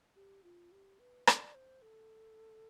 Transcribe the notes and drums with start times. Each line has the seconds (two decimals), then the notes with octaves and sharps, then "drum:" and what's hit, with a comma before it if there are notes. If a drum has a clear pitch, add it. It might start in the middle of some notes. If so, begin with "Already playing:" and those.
0.16 G4
0.44 F4
0.72 G4
0.99 B4
1.27 D5, drum: rim click
1.55 C5
1.82 A4